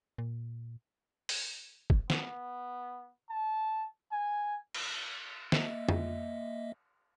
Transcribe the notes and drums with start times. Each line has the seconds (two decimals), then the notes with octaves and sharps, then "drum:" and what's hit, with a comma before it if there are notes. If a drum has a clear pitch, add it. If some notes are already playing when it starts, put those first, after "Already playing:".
0.18 A#2
1.29 drum: open hi-hat
1.90 drum: kick
2.10 B3, drum: snare
3.29 A5
4.12 G#5
4.74 drum: cymbal
5.52 A#3 D#5 E5, drum: snare
5.89 drum: tom F2